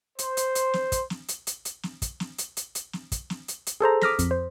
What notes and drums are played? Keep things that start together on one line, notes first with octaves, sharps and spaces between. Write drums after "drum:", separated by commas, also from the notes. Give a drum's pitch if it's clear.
C5, drum: hi-hat
drum: hi-hat
drum: hi-hat
drum: snare
drum: kick, hi-hat
drum: snare
drum: hi-hat
drum: hi-hat
drum: hi-hat
drum: snare
drum: kick, hi-hat
drum: snare
drum: hi-hat
drum: hi-hat
drum: hi-hat
drum: snare
drum: kick, hi-hat
drum: snare
drum: hi-hat
drum: hi-hat
G#4 A4 C5 A#5
D6 D#6 F6 A#6 B6, drum: snare
F2, drum: kick, hi-hat
C5